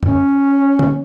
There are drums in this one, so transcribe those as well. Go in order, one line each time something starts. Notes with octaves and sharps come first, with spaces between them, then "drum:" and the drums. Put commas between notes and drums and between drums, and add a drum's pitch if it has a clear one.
C#4, drum: tom
drum: tom